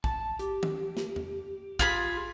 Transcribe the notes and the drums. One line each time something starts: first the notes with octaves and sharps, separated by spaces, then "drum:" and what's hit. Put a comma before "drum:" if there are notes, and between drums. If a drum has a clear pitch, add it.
A5, drum: kick
G4, drum: hi-hat
drum: tom
drum: snare
drum: tom E2
F4 G#4 B5, drum: kick